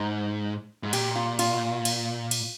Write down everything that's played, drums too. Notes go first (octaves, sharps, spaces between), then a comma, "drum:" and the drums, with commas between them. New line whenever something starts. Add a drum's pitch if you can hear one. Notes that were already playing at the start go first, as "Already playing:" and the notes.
Already playing: G#2 D#4
G#2
A#2 G4, drum: cymbal
F4
F4, drum: cymbal
drum: cymbal
drum: cymbal